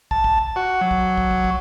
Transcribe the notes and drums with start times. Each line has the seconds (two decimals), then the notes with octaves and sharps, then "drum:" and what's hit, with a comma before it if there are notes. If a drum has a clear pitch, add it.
0.11 A5, drum: kick
0.24 drum: kick
0.38 drum: kick
0.56 F#4
0.81 F#3
0.91 drum: kick
1.18 drum: kick
1.31 drum: kick
1.44 drum: kick